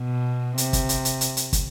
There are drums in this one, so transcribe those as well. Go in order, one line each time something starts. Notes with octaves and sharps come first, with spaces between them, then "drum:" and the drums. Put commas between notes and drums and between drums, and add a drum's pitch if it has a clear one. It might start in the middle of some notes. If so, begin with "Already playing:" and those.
Already playing: B2
C3, drum: hi-hat
drum: kick, hi-hat
drum: hi-hat
drum: hi-hat
drum: hi-hat
drum: hi-hat
drum: kick, hi-hat